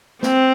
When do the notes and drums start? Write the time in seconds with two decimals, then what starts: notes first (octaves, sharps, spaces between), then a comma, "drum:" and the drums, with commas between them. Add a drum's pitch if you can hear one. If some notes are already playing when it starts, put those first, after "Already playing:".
0.23 C4, drum: snare